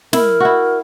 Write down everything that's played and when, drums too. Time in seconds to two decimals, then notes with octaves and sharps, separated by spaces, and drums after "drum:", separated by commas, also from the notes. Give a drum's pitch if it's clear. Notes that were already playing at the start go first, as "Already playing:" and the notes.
0.13 E4 A#4, drum: snare
0.40 E4 F#4